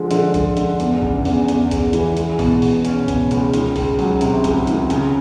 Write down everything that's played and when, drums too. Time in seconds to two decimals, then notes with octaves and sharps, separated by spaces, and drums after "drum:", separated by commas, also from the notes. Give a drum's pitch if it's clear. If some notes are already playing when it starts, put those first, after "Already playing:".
Already playing: D3 F3 G#3
0.11 D3, drum: hi-hat
0.34 G#3, drum: kick, hi-hat
0.57 D3, drum: hi-hat
0.80 E2, drum: hi-hat
1.02 C#3, drum: kick
1.25 E2, drum: open hi-hat
1.48 E2, drum: hi-hat
1.71 E2, drum: kick, hi-hat
1.93 E3, drum: hi-hat
2.17 G#3, drum: hi-hat
2.39 B2, drum: kick, open hi-hat
2.62 B2, drum: open hi-hat
2.85 C#4, drum: hi-hat
3.08 B2, drum: kick, hi-hat
3.31 C#2, drum: hi-hat
3.54 D#3, drum: hi-hat
3.76 C#2, drum: kick, open hi-hat
3.99 F#3, drum: open hi-hat
4.21 C3, drum: hi-hat
4.44 C#2, drum: kick, hi-hat
4.67 D#3, drum: hi-hat
4.90 C#3, drum: hi-hat